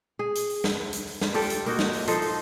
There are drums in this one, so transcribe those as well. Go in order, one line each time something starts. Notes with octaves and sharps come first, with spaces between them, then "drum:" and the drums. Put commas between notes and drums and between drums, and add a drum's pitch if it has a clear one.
G#4
drum: hi-hat
drum: open hi-hat
drum: snare
drum: hi-hat
drum: open hi-hat
drum: snare
F4 G4 A4 D5, drum: open hi-hat
drum: hi-hat
A#3 D#4 F#4, drum: open hi-hat
drum: snare
drum: open hi-hat
F3 D#4 A4 C5, drum: hi-hat
drum: open hi-hat